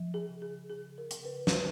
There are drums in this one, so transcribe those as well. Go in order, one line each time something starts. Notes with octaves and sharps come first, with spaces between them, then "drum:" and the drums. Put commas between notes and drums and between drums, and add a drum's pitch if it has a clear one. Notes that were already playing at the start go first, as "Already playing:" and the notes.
Already playing: F3
G#4
C#3
G#4
C#3 G#4
A#4
C#3, drum: hi-hat
B4
B4, drum: snare
F3 C5